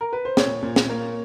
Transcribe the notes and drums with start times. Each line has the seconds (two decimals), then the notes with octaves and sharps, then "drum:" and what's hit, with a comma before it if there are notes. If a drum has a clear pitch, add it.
0.01 A#4
0.13 B4
0.25 C5
0.37 A#2 C#5, drum: snare
0.63 A#2
0.76 drum: snare
0.90 A#3